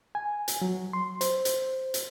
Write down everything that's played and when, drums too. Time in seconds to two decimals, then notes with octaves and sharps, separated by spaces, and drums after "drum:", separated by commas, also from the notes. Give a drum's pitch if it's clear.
0.15 G#5
0.48 drum: hi-hat
0.62 F#3
0.93 C6
1.21 C5, drum: hi-hat
1.45 drum: hi-hat
1.94 drum: hi-hat